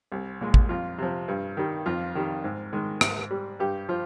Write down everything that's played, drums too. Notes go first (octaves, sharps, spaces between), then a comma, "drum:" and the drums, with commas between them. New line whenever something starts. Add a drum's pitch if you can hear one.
C2
A#2 G#3
drum: kick
F2 F4
C3 F3
G2
D#3 G3
F2 F4
D#3 G3
G#2
D#3 G#3
G#2, drum: rim click
G3
G2 G4
F3 F4